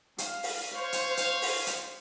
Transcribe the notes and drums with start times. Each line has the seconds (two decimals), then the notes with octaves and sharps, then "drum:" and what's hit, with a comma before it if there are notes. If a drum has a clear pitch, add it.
0.18 F5, drum: hi-hat
0.43 drum: open hi-hat
0.74 C5 C#5 F5
0.92 drum: hi-hat
1.17 drum: hi-hat
1.42 drum: open hi-hat
1.67 drum: hi-hat